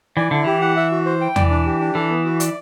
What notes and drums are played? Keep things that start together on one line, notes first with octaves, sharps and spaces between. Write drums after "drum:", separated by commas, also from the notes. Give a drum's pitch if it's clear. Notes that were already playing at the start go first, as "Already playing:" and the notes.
E3 D5
D3 E4
E3 G4
F#5
E5
F#4
C5
G5
E3 D5, drum: tom E2
D4
G4
D4
E3 A4
B3
F#4
D5, drum: hi-hat